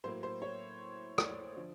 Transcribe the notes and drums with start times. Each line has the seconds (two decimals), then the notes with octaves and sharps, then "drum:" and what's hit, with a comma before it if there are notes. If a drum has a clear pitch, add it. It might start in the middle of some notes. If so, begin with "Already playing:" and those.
0.04 A2 F#3 A#3 C5
0.23 C5
0.42 C#5
1.18 D5, drum: rim click
1.56 D3 F3